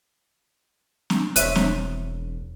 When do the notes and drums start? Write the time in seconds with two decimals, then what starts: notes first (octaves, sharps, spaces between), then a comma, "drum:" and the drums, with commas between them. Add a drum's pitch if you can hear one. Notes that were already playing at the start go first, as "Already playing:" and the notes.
1.10 drum: snare
1.36 E1 C5 C#5 E5 F#6 D#7, drum: hi-hat
1.56 drum: snare